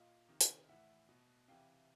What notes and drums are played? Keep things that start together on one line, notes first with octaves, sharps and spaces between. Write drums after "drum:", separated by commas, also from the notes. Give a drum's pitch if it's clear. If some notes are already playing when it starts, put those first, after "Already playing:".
Already playing: A#2 D#5 F5
C3 D#3
drum: hi-hat
A2 E3 E5 F#5
B2
C3 E3 F5 G5